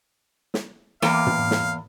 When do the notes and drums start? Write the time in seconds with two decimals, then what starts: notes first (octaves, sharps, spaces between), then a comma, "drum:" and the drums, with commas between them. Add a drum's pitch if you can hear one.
0.54 drum: snare
1.02 E2 A#3 F5 G5, drum: snare
1.27 drum: tom
1.51 drum: snare